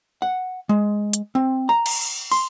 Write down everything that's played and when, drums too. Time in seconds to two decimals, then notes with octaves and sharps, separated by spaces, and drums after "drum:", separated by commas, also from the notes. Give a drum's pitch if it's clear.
0.22 F#5
0.69 G#3
1.13 drum: hi-hat
1.35 C4
1.69 A#5
1.86 drum: cymbal
2.31 C6, drum: open hi-hat